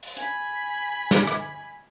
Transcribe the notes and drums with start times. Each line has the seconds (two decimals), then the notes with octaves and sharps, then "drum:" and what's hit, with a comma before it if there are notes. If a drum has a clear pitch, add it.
0.03 drum: open hi-hat
0.17 G#5 B5, drum: hi-hat
1.11 drum: snare
1.27 drum: rim click